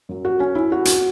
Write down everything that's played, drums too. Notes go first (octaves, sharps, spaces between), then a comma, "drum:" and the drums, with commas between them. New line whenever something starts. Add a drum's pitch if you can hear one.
F#2 F#3
F#4
C#4
E4
F#4
drum: hi-hat